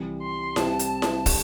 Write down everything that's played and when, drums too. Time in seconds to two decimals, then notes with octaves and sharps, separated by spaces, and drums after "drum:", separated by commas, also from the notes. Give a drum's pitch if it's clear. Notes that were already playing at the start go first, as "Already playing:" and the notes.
Already playing: C2 C3 E3 G3
0.23 C6
0.56 C2 C3 G3 C4 A5, drum: snare E4
0.79 drum: hi-hat
1.02 drum: snare E4
1.26 D3 G3, drum: kick, open hi-hat